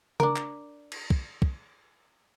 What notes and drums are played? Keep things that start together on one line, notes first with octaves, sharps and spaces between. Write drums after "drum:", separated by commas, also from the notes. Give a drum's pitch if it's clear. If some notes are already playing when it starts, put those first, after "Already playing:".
D4 A#4, drum: tom C#3
drum: clap
drum: cymbal
drum: kick
drum: kick